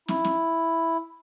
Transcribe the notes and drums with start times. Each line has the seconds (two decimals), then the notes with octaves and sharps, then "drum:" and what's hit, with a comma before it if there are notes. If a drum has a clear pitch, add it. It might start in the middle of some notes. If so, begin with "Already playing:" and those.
0.08 E4, drum: snare
0.25 drum: snare